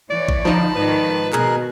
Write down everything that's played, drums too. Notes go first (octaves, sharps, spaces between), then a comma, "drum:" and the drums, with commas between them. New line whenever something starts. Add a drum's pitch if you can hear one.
E3 C#5 D5
drum: kick
D3 F3 D#4 A5 B5
G#2 D#3 B4 D5
B2 G#4 A#4 F#6, drum: clap